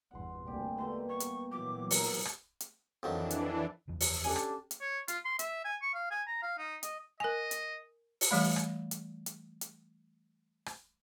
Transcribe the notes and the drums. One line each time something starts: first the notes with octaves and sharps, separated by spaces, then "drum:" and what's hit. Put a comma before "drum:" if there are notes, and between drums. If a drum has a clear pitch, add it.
G1 E2 B2 F#5 C6
D2 C3 G3 A#3 G4 G#4
B2 G3 A3 C6
B3 C#6
drum: hi-hat
A#2 E3 F#3 D6
A#4 A#5, drum: open hi-hat
drum: rim click
drum: hi-hat
F2 D#3 E3 F#3 D4
drum: hi-hat
F#1 E2 F3
drum: open hi-hat
C#4 D4 G4 A4 G#5
drum: rim click
drum: hi-hat
C#5
F4, drum: hi-hat
C6
E5, drum: hi-hat
G#5
C#6
F5
G#5
A#5
F5
D#4
D#5, drum: hi-hat
A#4 D#5 G#5
drum: hi-hat
drum: open hi-hat
E3 G3 A3 B5
drum: rim click
drum: hi-hat
drum: hi-hat
drum: hi-hat
drum: rim click